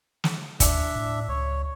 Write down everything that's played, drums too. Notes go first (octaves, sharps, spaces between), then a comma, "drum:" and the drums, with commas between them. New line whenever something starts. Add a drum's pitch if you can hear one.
drum: snare
D#2 D4 E5, drum: kick, hi-hat
A2
C#2 C#5